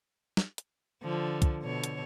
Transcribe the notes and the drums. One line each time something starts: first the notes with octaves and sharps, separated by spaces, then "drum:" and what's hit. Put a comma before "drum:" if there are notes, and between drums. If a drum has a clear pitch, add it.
drum: snare
drum: hi-hat
D3 F3
drum: kick, hi-hat
B2 D3 C#5
drum: hi-hat